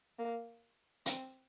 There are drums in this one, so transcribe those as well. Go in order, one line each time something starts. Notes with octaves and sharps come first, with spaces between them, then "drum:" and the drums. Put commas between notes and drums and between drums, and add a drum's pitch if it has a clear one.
A#3
C4, drum: hi-hat